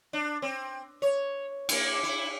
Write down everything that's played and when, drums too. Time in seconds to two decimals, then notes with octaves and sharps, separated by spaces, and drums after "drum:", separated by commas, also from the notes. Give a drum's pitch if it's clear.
0.13 D4
0.42 C4
1.02 C#5
1.69 A#3 E4, drum: cymbal
2.03 E4